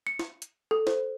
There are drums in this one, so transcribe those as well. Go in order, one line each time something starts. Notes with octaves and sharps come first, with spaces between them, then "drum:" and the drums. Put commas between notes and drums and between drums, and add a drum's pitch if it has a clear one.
C#7
drum: snare
drum: hi-hat
A4
C5, drum: snare